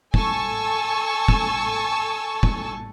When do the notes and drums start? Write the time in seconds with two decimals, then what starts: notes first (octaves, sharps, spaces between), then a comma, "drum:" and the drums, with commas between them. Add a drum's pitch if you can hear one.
0.14 A4 G#5 A5 C#6 E6, drum: kick
1.28 drum: kick
2.43 drum: kick